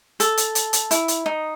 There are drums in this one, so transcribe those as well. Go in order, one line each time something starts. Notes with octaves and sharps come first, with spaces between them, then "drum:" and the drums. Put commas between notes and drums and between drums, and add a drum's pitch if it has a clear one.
A4, drum: hi-hat
drum: hi-hat
drum: hi-hat
drum: hi-hat
E4, drum: hi-hat
drum: hi-hat
D#4